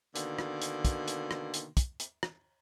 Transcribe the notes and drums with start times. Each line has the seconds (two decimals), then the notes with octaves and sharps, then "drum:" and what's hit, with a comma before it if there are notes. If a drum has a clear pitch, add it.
0.15 B2 D3 D#3 A#3, drum: hi-hat
0.39 drum: rim click
0.62 drum: hi-hat
0.85 drum: kick, hi-hat
1.08 drum: hi-hat
1.31 drum: rim click
1.54 drum: hi-hat
1.77 drum: kick, hi-hat
2.00 drum: hi-hat
2.23 drum: rim click